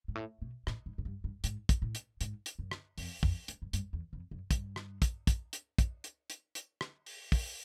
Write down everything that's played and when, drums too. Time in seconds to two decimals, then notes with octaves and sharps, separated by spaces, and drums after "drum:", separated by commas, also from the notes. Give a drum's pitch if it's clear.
0.08 G#2
0.15 A2
0.42 B2
0.67 A2, drum: rim click
0.86 G#2
0.98 G#2
1.05 G2
1.24 G2
1.44 G#2, drum: hi-hat
1.69 drum: kick, hi-hat
1.82 A2
1.95 drum: hi-hat
2.21 G#2, drum: hi-hat
2.46 drum: hi-hat
2.59 F#2
2.71 drum: rim click
2.98 F2, drum: open hi-hat
3.23 F2, drum: kick
3.48 G2, drum: hi-hat
3.62 F#2
3.73 G2, drum: hi-hat
3.93 E2
4.13 F2
4.31 F#2
4.51 G2, drum: kick, hi-hat
4.76 drum: rim click
5.02 drum: kick, hi-hat
5.27 drum: kick, hi-hat
5.53 drum: hi-hat
5.78 drum: kick, hi-hat
6.04 drum: hi-hat
6.30 drum: hi-hat
6.55 drum: hi-hat
6.81 drum: rim click
7.06 drum: open hi-hat
7.32 drum: kick, open hi-hat